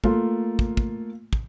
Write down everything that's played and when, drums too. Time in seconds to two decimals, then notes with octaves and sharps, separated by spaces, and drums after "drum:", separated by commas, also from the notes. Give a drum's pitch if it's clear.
0.04 A3 A#3 F4, drum: kick
0.59 drum: kick
0.77 drum: kick
1.33 drum: kick